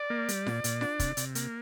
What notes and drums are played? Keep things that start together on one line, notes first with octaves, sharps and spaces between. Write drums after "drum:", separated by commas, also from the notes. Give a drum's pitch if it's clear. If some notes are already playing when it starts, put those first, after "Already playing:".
Already playing: D5
A#3
G3, drum: hi-hat
A#2, drum: snare F4
A#2, drum: hi-hat
D4, drum: snare F4
C3, drum: kick, hi-hat
C3, drum: hi-hat
A#3, drum: hi-hat